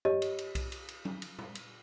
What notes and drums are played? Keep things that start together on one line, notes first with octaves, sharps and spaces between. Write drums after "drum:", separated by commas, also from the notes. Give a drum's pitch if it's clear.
G4 C#5 D#5, drum: tom G2
drum: cymbal
drum: cymbal
drum: kick B1, cymbal
drum: cymbal
drum: cymbal
drum: tom
drum: cymbal
drum: tom
drum: cymbal